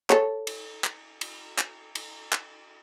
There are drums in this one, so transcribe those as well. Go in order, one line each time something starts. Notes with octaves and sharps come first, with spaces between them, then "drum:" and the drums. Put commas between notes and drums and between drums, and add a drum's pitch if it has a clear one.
A4 C#5, drum: clap
drum: cymbal
drum: clap
drum: cymbal
drum: clap
drum: cymbal
drum: clap